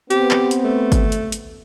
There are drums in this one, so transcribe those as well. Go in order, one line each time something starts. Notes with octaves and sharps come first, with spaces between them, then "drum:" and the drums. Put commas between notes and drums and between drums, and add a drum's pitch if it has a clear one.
B3 C4 G4, drum: hi-hat
drum: clap
drum: hi-hat
A3
drum: kick G1, hi-hat
drum: hi-hat
drum: hi-hat